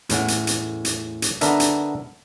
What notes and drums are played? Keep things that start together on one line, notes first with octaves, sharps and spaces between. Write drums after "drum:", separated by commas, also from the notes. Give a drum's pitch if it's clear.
E2 A2 C#4 F#5, drum: hi-hat
drum: hi-hat
drum: hi-hat
drum: hi-hat
drum: hi-hat
D3 B3 D4 A#4 E5, drum: hi-hat
drum: hi-hat